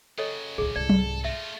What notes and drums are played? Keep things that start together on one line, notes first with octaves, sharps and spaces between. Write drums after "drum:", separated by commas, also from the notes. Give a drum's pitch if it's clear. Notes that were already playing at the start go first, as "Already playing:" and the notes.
C#3 F#3 A4 C#5 D#5
C#2 A2 G#4
C2 G#2 A4 D5
drum: tom F#3
A3 F4 E5